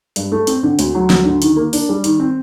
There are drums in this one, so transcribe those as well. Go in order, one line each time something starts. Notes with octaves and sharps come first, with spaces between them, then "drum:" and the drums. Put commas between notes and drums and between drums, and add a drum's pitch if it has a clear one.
G2, drum: hi-hat
A3
C4, drum: hi-hat
D3
D2, drum: hi-hat
F#3
D2, drum: snare
D3
D#3, drum: hi-hat
A#3
D4, drum: open hi-hat
G3
D#3, drum: hi-hat
C4